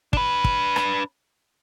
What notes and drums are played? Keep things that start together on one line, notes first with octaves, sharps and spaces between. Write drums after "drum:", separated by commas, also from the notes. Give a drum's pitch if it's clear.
D4 B4, drum: kick
drum: kick
drum: rim click